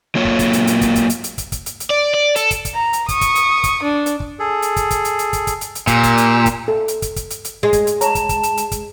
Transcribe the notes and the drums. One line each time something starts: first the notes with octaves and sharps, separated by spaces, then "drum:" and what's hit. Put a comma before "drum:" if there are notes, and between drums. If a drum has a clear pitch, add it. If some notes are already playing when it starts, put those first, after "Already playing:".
F#3 A#3 F4 C#5
drum: kick
drum: kick, hi-hat
drum: hi-hat
drum: hi-hat
drum: kick, hi-hat
drum: kick, hi-hat
drum: hi-hat
drum: hi-hat
drum: kick, hi-hat
drum: kick, hi-hat
drum: hi-hat
drum: hi-hat
D5
D5
A4, drum: hi-hat
drum: kick, hi-hat
drum: kick, hi-hat
A#5
drum: hi-hat
C#6 D#6, drum: kick, hi-hat
drum: kick, hi-hat
drum: hi-hat
drum: kick, hi-hat
D4
drum: hi-hat
drum: kick
G#4 A4
drum: hi-hat
drum: kick, hi-hat
drum: kick, hi-hat
drum: hi-hat
drum: hi-hat
drum: kick, hi-hat
drum: kick, hi-hat
drum: hi-hat
drum: hi-hat
A#2 G4 E6, drum: kick, hi-hat
drum: kick, hi-hat
drum: hi-hat
drum: kick, hi-hat
A4
drum: hi-hat
drum: kick, hi-hat
drum: kick, hi-hat
drum: hi-hat
drum: hi-hat
G#3
drum: kick, hi-hat
drum: hi-hat
C#5 A5 A#5, drum: hi-hat
drum: kick, hi-hat
drum: kick, hi-hat
drum: hi-hat
drum: hi-hat
drum: kick, hi-hat